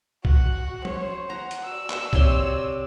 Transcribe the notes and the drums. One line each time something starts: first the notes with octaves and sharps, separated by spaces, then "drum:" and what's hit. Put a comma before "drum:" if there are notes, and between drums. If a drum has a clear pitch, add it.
F#4 F#5, drum: kick B1
C5 C#5, drum: tom F3
F#5 A#5
drum: hi-hat
F#4 D5 E6
drum: clap
C3 C#5 C6, drum: kick B1